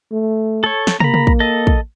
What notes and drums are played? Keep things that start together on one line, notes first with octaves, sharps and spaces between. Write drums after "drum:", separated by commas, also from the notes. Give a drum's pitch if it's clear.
A3
A4 C#5
drum: snare
A#3 A#5 B5, drum: tom
drum: tom
drum: kick
A4 D#5
drum: kick